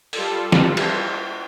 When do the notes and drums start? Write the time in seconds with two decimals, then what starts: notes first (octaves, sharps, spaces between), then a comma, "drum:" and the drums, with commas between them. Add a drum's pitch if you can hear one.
0.13 G3 F4 A4, drum: open hi-hat
0.52 drum: snare
0.77 drum: cymbal